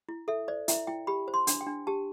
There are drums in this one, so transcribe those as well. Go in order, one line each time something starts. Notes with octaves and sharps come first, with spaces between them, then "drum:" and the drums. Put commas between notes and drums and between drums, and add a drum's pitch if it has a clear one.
E4
A4 E5
C5 D5
E4 E5, drum: hi-hat
E4 G5
G4 B5
C5
C6
D4, drum: hi-hat
G5
D4
G4 A5